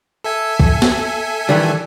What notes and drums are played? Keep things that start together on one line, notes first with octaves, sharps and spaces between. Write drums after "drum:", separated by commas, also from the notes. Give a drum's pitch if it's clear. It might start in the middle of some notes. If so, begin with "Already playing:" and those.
A4 E5 G#5
drum: kick
drum: snare
D#3 E3 G3